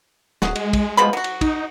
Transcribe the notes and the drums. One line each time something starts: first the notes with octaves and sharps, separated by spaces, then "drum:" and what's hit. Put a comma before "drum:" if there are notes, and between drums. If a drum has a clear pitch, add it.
D1 F#4 G#4, drum: snare
G#3, drum: cymbal
drum: kick, cymbal
B2 F3 B5
F#3 F#4
drum: cymbal
D#4, drum: kick, cymbal